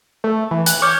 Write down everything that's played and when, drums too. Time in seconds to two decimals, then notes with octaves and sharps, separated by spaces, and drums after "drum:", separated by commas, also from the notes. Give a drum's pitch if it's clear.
0.24 A3
0.51 E3
0.66 F#6, drum: hi-hat
0.82 C#5 D6 F6 G6